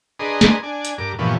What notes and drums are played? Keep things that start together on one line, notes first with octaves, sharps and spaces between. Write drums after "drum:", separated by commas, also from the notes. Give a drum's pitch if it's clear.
D4 G#4 B4 D#5 A#5 C6
drum: snare
D4 G#5
drum: hi-hat
G2 A#4 D6
G2 A#2 E3 F3 B3 C#4